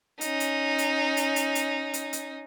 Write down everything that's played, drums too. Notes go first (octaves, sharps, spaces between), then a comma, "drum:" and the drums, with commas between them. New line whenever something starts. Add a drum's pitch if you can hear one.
C#4 D#4, drum: hi-hat
drum: hi-hat
drum: hi-hat
drum: hi-hat
drum: hi-hat
drum: hi-hat
drum: hi-hat
drum: hi-hat